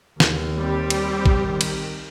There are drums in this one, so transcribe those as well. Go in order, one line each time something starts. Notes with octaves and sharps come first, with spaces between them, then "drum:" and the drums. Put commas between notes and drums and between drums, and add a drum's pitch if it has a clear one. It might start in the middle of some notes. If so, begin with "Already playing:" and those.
D#2, drum: snare
G3 C4 G4
drum: cymbal
drum: kick
D#3
drum: cymbal